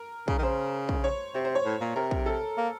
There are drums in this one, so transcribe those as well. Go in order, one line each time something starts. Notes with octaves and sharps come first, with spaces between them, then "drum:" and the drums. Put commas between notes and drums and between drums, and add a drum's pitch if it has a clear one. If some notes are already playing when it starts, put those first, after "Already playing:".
Already playing: A#4
C#3, drum: kick
D#3
C#3 C5
drum: kick
C#5
C3 C5
C5
C#5
A2
A#2
C3 A#4
drum: kick
A4
A#3